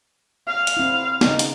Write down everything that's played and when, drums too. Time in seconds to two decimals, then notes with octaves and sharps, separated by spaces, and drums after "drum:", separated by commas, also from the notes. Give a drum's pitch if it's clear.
0.47 F5
0.67 drum: hi-hat
0.77 C4 E4
1.21 C#3 D#4, drum: snare
1.39 drum: hi-hat